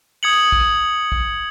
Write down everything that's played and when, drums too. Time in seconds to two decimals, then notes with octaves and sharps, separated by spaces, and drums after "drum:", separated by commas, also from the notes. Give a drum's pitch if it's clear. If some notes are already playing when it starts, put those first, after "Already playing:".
0.23 D#6 G#6 C#7 F#7
0.52 drum: kick
1.12 drum: kick